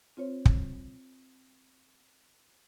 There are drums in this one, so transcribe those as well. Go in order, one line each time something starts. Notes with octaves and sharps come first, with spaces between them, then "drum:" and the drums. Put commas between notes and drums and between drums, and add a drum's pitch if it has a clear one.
C4 F4 C5 C#5
drum: kick